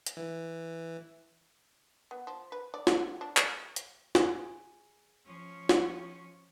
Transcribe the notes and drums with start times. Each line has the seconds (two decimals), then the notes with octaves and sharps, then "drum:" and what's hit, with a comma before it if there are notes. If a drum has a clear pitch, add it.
0.06 drum: hi-hat
0.17 E3
2.11 B3
2.27 F3
2.52 B4
2.74 D5
2.87 D3, drum: snare
3.21 D4
3.37 C#4, drum: clap
3.76 drum: hi-hat
4.15 G#4, drum: snare
5.27 F3 C#4
5.69 drum: snare